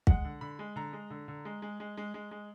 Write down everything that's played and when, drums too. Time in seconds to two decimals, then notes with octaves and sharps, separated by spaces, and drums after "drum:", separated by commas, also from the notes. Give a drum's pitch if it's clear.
0.07 G#3 F#5, drum: kick
0.25 D3
0.41 D3 B5
0.59 G#3
0.76 D3 A#5
0.93 G#3
1.10 D3
1.28 D3
1.45 G#3
1.62 G#3
1.80 G#3
1.97 G#3
2.14 G#3
2.31 G#3